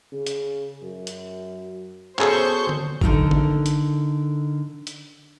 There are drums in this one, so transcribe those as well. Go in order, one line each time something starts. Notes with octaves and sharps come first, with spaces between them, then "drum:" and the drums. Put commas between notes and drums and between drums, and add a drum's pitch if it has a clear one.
C#3
drum: hi-hat
F#2
drum: hi-hat
B2 C#4 G#4 A4 C5 C#6 G6, drum: clap
drum: tom D3
D3 D#4 F#4 A4 A#4, drum: kick
drum: tom D3
drum: hi-hat
drum: hi-hat